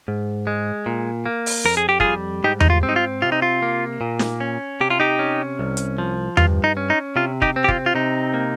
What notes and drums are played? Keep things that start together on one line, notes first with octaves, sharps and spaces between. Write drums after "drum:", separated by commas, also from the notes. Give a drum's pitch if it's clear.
G#2
G#3
A#2
A#3
drum: open hi-hat
F2 A#4
G#4
G4
G3 F4 G#4, drum: kick
G#2 D#4 G4
D#4, drum: tom E2
F4
C4
D#4
F4
C3 F4
D#4
F4
A#3
A#2
drum: snare
C#4
C3 G4
F4
D#4 G4
C#4
C2
drum: hi-hat
F3
G2 F4, drum: tom E2
D#4
C#4
D#4
C3 F4
D#4 G4, drum: kick
C4
G4
F4, drum: kick
F4
C3 D#4
A#3